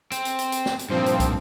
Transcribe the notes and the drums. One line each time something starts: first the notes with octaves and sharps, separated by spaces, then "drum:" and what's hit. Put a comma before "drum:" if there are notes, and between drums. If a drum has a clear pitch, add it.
C4, drum: hi-hat
drum: hi-hat
drum: hi-hat
drum: hi-hat
drum: snare
drum: hi-hat
G2 A#2 F3 C4
drum: hi-hat
drum: kick, hi-hat